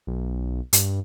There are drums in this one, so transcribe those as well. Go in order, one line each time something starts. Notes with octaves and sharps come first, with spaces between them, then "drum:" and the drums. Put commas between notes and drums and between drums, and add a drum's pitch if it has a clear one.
B1
G2, drum: hi-hat